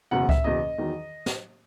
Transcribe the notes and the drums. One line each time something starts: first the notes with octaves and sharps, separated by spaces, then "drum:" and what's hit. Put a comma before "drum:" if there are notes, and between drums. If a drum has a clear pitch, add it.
F#1 E2 B2 F#5
E5, drum: kick C#2
F#1 E2 B2 D#5
E2 D#3 F#3
drum: snare